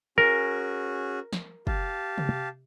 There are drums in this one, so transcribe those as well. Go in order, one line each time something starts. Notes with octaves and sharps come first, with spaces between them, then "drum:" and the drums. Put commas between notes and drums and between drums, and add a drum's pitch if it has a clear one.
C#4 F#4 G#4 A#4
drum: snare
G4 F5 A5, drum: kick
drum: tom C3